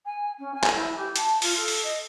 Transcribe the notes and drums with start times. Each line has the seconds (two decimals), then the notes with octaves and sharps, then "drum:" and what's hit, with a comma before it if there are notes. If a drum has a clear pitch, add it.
0.05 G#5
0.39 C#4
0.54 G#5
0.64 drum: clap
0.75 E4
0.96 G4
1.16 A5, drum: hi-hat
1.42 F4, drum: open hi-hat
1.56 A4
1.68 drum: open hi-hat
1.83 D#5